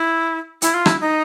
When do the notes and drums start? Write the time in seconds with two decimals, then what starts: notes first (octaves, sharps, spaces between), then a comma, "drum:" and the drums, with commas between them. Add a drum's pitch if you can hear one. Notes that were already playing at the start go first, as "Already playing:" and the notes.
Already playing: E4
0.62 E4, drum: hi-hat
0.74 F4
0.86 E4, drum: rim click
1.01 D#4